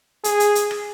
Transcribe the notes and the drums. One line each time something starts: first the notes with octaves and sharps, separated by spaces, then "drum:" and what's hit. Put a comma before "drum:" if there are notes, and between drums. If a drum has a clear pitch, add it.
G#4, drum: hi-hat
drum: hi-hat
drum: hi-hat
drum: rim click